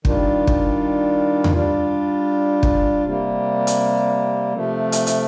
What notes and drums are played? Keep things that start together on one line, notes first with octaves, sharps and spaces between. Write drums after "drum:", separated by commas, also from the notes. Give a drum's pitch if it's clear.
D#3 G3 D4 F4, drum: kick
drum: kick
drum: tom E2
G3 D4 F4
drum: kick
C3 G3 A#3
drum: hi-hat
C3 F3 A3
drum: hi-hat
drum: hi-hat